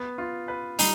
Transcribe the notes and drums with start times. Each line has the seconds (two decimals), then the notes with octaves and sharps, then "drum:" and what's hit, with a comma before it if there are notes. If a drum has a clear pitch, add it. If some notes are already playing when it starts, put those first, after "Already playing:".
Already playing: B3
0.18 F4
0.48 B4
0.79 G3 D#4, drum: open hi-hat